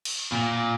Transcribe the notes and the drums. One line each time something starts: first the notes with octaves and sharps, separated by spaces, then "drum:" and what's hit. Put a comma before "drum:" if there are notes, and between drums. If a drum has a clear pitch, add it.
drum: cymbal
A#2